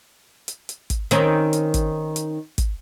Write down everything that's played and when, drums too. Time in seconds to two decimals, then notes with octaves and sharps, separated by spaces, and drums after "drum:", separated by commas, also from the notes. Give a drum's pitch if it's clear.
0.48 drum: hi-hat
0.69 drum: hi-hat
0.90 drum: kick, hi-hat
1.11 D#3 C4 C#4, drum: hi-hat
1.53 drum: hi-hat
1.74 drum: kick, hi-hat
2.16 drum: hi-hat
2.58 drum: kick, hi-hat